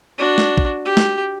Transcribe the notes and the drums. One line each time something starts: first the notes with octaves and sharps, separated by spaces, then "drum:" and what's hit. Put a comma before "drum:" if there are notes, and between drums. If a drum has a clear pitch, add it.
D4 F#4
drum: snare
drum: kick A1
G4
drum: snare